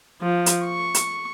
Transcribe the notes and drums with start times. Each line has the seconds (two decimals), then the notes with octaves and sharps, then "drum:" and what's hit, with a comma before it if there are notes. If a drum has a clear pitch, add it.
0.22 F3
0.46 drum: hi-hat
0.65 C#6
0.95 drum: hi-hat